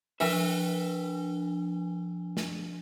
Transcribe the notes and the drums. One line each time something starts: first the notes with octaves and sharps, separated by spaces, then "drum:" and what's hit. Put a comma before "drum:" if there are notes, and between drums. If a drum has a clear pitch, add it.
F3 D4 B4 E5 G#5, drum: open hi-hat
drum: snare